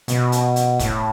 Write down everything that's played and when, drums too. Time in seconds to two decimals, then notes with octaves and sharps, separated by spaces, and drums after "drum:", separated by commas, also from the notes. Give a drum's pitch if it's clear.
0.08 B2, drum: hi-hat
0.32 drum: hi-hat
0.56 drum: hi-hat
0.79 A2, drum: kick, hi-hat